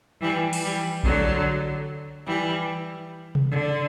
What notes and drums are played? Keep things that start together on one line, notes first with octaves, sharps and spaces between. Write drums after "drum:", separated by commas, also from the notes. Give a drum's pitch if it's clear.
E3 G3
drum: open hi-hat
E3 G3
D3 F#3, drum: kick A#1
E3 G3
drum: tom C3
D3